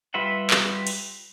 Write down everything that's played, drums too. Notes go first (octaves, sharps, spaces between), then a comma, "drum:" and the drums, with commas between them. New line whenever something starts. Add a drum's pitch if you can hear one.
G3 F4 B4 E5 F#5
drum: clap
drum: cymbal